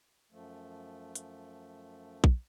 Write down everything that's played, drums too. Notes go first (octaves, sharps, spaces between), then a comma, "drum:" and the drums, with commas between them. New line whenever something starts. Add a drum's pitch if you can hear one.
F#2 F3 A3
drum: hi-hat
drum: kick A#1